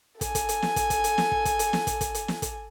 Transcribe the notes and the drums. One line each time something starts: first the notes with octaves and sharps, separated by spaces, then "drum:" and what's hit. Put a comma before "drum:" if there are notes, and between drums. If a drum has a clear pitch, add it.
A4 G#5, drum: kick, hi-hat
drum: kick, hi-hat
drum: hi-hat
drum: snare
drum: kick, hi-hat
drum: kick, hi-hat
drum: hi-hat
drum: snare
drum: kick
drum: kick, hi-hat
drum: hi-hat
drum: snare
drum: kick, hi-hat
drum: kick, hi-hat
drum: hi-hat
drum: snare
drum: kick, hi-hat